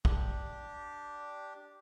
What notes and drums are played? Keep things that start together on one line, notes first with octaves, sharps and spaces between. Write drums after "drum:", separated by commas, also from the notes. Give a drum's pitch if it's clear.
D4 G4, drum: kick